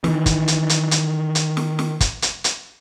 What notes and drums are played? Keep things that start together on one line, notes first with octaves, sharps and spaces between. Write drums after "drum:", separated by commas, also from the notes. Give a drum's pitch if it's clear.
D#3 E3, drum: snare
drum: kick, hi-hat
drum: hi-hat
drum: hi-hat
drum: hi-hat
drum: hi-hat
drum: snare
drum: snare
drum: kick, hi-hat
drum: hi-hat
drum: hi-hat